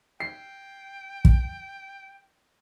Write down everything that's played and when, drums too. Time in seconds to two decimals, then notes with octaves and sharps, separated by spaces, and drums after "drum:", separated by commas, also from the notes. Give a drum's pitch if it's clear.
0.20 G5 C7
1.25 drum: kick